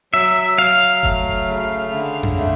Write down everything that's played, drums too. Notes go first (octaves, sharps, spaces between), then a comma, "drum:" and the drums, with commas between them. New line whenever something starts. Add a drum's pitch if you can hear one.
F#3 E5
F#3 F5
A3, drum: kick F#1
C#3
D3
drum: tom F2
A3